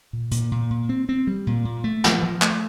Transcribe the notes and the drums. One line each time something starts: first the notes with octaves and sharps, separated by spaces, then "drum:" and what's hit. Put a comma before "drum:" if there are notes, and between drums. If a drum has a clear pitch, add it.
A#2
A#2, drum: hi-hat
A#2
A#2
C4
C4
G3
A#2
A#2
A3
F3, drum: snare
F3
A3, drum: clap